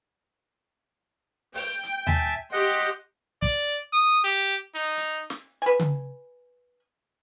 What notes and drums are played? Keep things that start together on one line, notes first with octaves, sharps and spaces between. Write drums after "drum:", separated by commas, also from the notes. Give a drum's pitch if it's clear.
G5, drum: open hi-hat
drum: hi-hat
E5 G#5 A5, drum: tom D#2
G4 D#5 F#5 G5 C6
D5, drum: kick
D#6
G4
D#4
drum: hi-hat
drum: snare
B4 G#5
drum: tom C#3